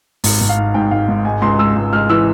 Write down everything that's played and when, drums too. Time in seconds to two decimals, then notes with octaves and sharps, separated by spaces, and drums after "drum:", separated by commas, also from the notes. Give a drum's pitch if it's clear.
0.24 G#1, drum: open hi-hat
0.41 G#1
0.49 F5
0.57 G#2
0.74 G#2 G5
0.91 G#1 F5
1.08 G#1
1.25 G#3 G#5
1.42 C#2 C6
1.59 G#3 E6
1.76 C#2
1.93 G#3 F6
2.09 E3 E6